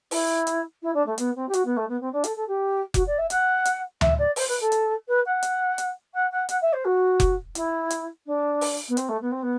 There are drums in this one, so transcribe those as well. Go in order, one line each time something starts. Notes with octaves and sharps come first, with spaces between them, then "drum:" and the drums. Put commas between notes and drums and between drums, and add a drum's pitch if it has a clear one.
E4, drum: open hi-hat
drum: hi-hat
E4
D4
A3
B3, drum: hi-hat
C4
G4
F#4, drum: hi-hat
B3
A3
B3
C4
D4
A4, drum: hi-hat
A4
G4
F#4, drum: kick F1, hi-hat
D5
E5
F#5, drum: hi-hat
drum: hi-hat
E5, drum: tom D2
D5
C5, drum: open hi-hat
B4
A4
drum: hi-hat
B4
F#5
drum: hi-hat
drum: hi-hat
F#5
F#5
F#5, drum: hi-hat
E5
C5
F#4
drum: kick F1, hi-hat
E4, drum: hi-hat
drum: hi-hat
D4
drum: open hi-hat
B3
C4, drum: hi-hat
A3
B3
C4
B3